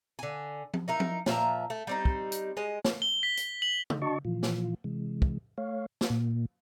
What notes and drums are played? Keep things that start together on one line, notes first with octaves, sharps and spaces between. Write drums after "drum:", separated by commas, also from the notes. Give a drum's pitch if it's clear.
D3 G#5
drum: tom F3
D#4 E4 A#4
drum: tom F3
A#2 F3 E5 A#5, drum: snare
A3
G3 C4 D#4
drum: kick
drum: hi-hat
G#3 D#5
drum: snare
G7
B6
drum: hi-hat
F#7
drum: tom
D4 F#4 D#5 A5 C#6
A#2 E3 F3 F4
drum: snare
C3 E3 G#3
drum: kick
A3 C#5 F5
drum: snare
A#2